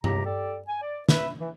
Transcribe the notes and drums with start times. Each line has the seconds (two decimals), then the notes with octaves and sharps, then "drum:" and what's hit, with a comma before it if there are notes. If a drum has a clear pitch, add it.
0.04 C#2 C3 G4 A#5, drum: tom G2
0.26 G4 A4 D5
0.68 G#5
0.81 D5
1.09 B4 E5, drum: snare
1.40 E3